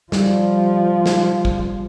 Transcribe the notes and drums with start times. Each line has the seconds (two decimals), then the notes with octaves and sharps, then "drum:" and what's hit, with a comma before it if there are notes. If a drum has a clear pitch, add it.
0.12 F3 G3, drum: snare
1.06 drum: snare
1.45 drum: kick